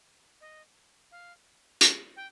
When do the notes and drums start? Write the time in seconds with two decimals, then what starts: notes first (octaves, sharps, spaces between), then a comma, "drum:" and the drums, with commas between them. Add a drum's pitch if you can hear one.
0.41 D#5
1.11 F5
1.81 A5, drum: hi-hat
2.16 G5